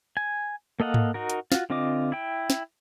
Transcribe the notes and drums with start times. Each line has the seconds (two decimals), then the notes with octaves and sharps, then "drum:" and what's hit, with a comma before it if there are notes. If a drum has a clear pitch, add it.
0.17 G#5
0.80 A#3 A4 D#5 F5 F#5
0.94 drum: tom G#2
1.14 D#4 F#4 A#4
1.30 drum: hi-hat
1.52 F4 F#4, drum: snare
1.70 D3 C4 F4 D#5 D6
2.12 E4 G5
2.50 drum: snare